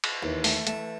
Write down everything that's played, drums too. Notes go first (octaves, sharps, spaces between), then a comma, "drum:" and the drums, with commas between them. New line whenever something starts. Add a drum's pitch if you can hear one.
drum: cymbal
D#2 E3
A3, drum: open hi-hat
E3 A3, drum: hi-hat